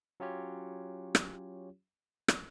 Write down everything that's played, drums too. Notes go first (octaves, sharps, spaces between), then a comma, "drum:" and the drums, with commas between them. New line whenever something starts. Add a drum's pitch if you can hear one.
F#3 C#4 F4 G4 C#5
drum: rim click
drum: rim click